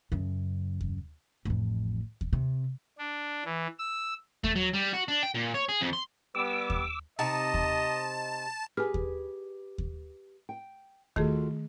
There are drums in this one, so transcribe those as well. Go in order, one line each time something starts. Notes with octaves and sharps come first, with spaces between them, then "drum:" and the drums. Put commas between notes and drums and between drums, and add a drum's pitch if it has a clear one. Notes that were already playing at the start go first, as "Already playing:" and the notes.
F#2 C#3
drum: kick D#2
A1 F2
drum: kick D#2
C3
D4
E3
E6
A3, drum: kick D#2
F#3
G3
F#4
D4
G5
A#2
C#5
G#4
F2
C6
G3 B3 D6 E6
drum: kick D#2
C3 D#4 D#5 A5
drum: kick D#2
G4 G#4 B4 G#5 F6
drum: kick D#2
drum: kick D#2
G5
D#3 A3 F4 F#4 G#4 A4, drum: kick D#2